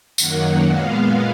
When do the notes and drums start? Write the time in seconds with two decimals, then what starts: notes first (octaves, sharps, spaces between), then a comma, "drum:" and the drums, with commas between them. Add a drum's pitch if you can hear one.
0.18 F#2 D#3 F#3 A#3 F#5, drum: tambourine
0.63 A#2 G#3 B3 F5